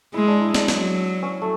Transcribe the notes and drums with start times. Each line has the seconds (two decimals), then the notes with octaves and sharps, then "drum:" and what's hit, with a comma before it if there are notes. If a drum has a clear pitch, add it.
0.14 G#3 E4
0.27 D4
0.41 E4
0.54 D4, drum: snare
0.68 F#3, drum: snare
1.22 C#4
1.42 A3